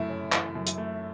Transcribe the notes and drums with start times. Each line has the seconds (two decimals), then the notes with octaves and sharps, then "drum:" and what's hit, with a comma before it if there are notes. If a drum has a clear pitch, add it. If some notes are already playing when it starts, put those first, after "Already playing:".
Already playing: F#2 A3 E4
0.10 C#4
0.32 E3, drum: clap
0.55 F#2
0.67 drum: hi-hat
0.78 A3